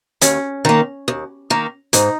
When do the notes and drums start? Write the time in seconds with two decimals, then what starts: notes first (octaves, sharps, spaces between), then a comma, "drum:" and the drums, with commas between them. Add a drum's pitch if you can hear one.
0.21 D#2 C#4, drum: hi-hat
0.65 D#3 A#3
1.08 D#2
1.50 D#3 A#3
1.93 G#2 D#4, drum: hi-hat